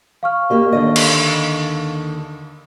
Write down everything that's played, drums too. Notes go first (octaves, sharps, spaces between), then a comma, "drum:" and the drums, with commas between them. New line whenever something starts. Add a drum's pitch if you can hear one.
F5 C#6 F6
A#3 G4 D#5
D#2 D3 D#5
drum: cymbal